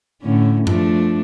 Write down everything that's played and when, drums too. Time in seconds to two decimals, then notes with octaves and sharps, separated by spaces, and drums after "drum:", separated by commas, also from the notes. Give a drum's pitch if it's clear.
0.22 A2 D3 C#4
0.67 F3 A3 D4, drum: tom F#2